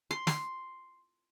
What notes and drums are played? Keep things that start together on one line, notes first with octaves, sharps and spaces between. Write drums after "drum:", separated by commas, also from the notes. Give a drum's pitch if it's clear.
C6
C6, drum: snare